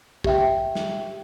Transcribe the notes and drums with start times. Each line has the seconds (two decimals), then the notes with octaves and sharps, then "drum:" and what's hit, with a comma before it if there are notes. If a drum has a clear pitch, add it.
0.24 G4 E5 G5, drum: kick
0.75 drum: snare